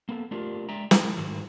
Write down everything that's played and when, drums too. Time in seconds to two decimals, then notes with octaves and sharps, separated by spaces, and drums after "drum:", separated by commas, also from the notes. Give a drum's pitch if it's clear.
0.09 A#3 B3 A4
0.31 A3 D4 F4 G4 A#4
0.69 G#3 D5 E5 G5 A#5
0.91 G#3 E4, drum: snare
1.17 G#2 D#3 F#3